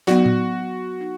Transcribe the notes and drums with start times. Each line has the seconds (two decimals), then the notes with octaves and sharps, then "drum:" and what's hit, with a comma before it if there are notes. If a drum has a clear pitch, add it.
0.07 F#3 B3 D#4 F#4, drum: snare
0.26 drum: tom A2
1.01 D#4